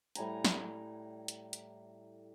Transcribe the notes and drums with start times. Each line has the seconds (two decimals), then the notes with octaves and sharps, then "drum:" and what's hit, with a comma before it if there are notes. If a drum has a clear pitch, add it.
0.15 A2 G3 G#5 A#5, drum: hi-hat
0.45 drum: snare
1.28 drum: hi-hat
1.53 drum: hi-hat